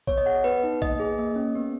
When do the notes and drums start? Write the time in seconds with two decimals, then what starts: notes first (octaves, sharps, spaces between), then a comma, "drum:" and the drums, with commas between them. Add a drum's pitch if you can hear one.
0.07 B3 C#5, drum: kick A#1
0.18 D#5
0.26 G#4 F#5
0.36 D#5
0.44 B3 B4
0.64 D#4
0.82 A#3 D#5, drum: kick A#1
1.00 G#4
1.19 A#3
1.36 C#4
1.55 B3